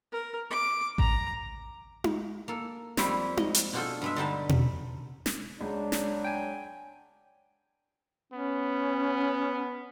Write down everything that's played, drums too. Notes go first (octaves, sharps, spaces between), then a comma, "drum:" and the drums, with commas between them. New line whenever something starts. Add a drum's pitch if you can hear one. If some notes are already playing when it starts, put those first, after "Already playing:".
A#4
D6
A#5, drum: kick A1
drum: tom D#4
A#3 A4
F2 F3 G3 E4 G4 C6, drum: snare
D#5, drum: tom D#4
drum: hi-hat
B2 D4 F4 G#4 A4 G5
G2 G#3 E5
D3 G3 D#4 A5
drum: tom B2
drum: snare
C#2 F#3 D4
drum: snare
G5 G#5
B3 C#4